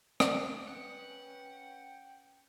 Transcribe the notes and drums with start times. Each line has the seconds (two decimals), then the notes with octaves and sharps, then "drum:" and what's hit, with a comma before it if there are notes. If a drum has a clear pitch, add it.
0.20 B2 C#4, drum: rim click
0.68 B4 F#5 G5